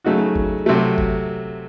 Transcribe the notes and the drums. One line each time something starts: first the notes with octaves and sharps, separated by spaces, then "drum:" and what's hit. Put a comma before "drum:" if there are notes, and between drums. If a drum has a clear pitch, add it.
C#3 F#3 A3 D#4 F#4
drum: kick
C3 F#3 A3
drum: kick